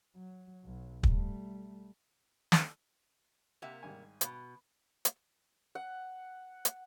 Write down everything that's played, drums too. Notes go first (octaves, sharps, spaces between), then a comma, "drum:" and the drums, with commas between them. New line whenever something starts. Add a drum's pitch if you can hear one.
F#3
B1 F#3
G3 A3, drum: kick
drum: snare
C3 A#3 G4 E5 F#5
G#1 G3 G#5
B2, drum: hi-hat
drum: hi-hat
F#5
drum: hi-hat